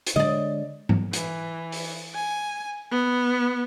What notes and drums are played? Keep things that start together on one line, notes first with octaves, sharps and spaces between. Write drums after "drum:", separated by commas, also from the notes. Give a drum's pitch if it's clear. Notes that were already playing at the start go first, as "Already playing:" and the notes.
drum: hi-hat
D3 G#3 D5 D#5
drum: tom G#2
E3, drum: hi-hat
drum: open hi-hat
G#5
B3